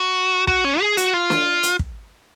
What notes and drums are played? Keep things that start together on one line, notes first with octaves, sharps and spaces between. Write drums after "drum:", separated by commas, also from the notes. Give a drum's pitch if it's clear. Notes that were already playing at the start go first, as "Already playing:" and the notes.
Already playing: F#4
F#4, drum: kick
C#4
G#4
F#4, drum: hi-hat
F4
drum: snare
drum: hi-hat
drum: kick